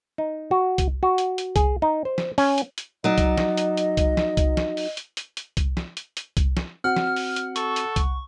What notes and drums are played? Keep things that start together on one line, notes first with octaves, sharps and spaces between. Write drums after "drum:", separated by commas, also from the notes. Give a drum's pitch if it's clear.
D#4
F#4
drum: kick C2, hi-hat
F#4
drum: hi-hat
drum: hi-hat
G#4, drum: kick C2, hi-hat
D#4
C5
drum: snare
C#4, drum: open hi-hat
drum: hi-hat
drum: hi-hat
F#3 D#4 D5 D#5
drum: kick C2, hi-hat
drum: snare
drum: hi-hat
drum: hi-hat
drum: kick C2, hi-hat
drum: snare
drum: kick C2, hi-hat
drum: snare
drum: open hi-hat
drum: hi-hat
drum: hi-hat
drum: hi-hat
drum: kick C2, hi-hat
drum: snare
drum: hi-hat
drum: hi-hat
drum: kick C2, hi-hat
drum: snare
C4 F#4 F#5 F6
drum: snare
drum: open hi-hat
drum: hi-hat
A4 C#6, drum: hi-hat
drum: hi-hat
drum: kick C2, hi-hat